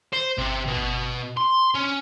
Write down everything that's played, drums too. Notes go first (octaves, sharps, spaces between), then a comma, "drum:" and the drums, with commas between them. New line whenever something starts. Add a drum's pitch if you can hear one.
C5
C3, drum: kick G1
B2
drum: kick G1
C6
C#4